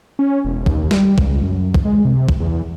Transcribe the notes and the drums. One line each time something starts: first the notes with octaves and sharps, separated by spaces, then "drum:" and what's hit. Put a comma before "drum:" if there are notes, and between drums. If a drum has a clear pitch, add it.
C#4
E1
D#2, drum: kick
G3, drum: snare
C#2, drum: kick
F#2
drum: kick
G#3
C3
drum: kick
E2